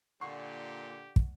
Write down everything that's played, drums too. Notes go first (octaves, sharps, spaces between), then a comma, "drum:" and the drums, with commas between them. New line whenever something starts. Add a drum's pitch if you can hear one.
A#2 D3 G4 F#5 C#6 C7
drum: kick